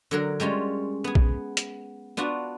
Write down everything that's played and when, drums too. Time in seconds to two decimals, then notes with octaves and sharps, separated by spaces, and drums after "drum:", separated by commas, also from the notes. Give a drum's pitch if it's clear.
0.11 D3 F#3 A#4
0.40 G3 G#3 C#4 F4
1.04 B3 G#4
1.15 drum: kick B1
1.57 drum: hi-hat
2.17 B3 D4 F4 F#4